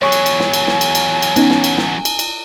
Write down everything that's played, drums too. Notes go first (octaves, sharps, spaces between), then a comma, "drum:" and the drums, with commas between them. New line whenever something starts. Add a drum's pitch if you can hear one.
E2 F#3 C#5 G#5 C#6
drum: cymbal
drum: cymbal
drum: snare
drum: cymbal
drum: snare
drum: cymbal
drum: cymbal
drum: cymbal
B3 C#4 D#4, drum: cymbal
drum: snare
drum: cymbal
drum: snare
drum: cymbal
drum: cymbal